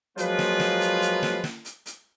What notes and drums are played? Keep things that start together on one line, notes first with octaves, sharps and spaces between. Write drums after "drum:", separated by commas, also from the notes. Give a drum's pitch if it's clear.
F3 F#3 G#3 A#3 F4 B4, drum: hi-hat
drum: snare
drum: snare
drum: hi-hat
drum: hi-hat
drum: snare
drum: snare
drum: hi-hat
drum: hi-hat